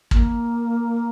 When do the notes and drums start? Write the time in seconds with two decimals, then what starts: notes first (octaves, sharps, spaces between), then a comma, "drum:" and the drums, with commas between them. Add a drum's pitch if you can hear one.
0.11 A#3, drum: kick